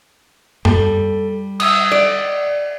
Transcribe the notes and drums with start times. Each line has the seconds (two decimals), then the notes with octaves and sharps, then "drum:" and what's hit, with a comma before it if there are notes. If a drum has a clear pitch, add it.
0.65 G3 A4, drum: tom F#2
1.60 D#6 E6, drum: cymbal
1.92 D5